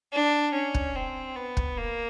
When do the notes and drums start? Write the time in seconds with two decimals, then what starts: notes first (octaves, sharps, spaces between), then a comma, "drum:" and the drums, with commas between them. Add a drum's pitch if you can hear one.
0.13 D4
0.53 C#4
0.74 drum: kick
0.95 C4
1.36 B3
1.57 drum: kick
1.77 A#3